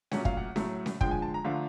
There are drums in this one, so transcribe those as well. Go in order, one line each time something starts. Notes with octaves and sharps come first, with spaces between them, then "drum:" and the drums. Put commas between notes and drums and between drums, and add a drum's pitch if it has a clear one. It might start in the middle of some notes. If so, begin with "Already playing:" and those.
A#2 F#3 A3 C#4 F#5, drum: snare C#4
F5, drum: kick
F#5
A2 F#3 A3, drum: snare C#4
drum: snare C#4
D3 F3 G#3 G5, drum: kick
G#5
A5
A#5
D3 F3 A3 D4 F4